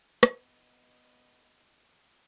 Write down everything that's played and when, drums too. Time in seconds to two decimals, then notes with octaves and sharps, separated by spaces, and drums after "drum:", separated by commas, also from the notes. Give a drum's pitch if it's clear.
0.23 B3 D#5, drum: rim click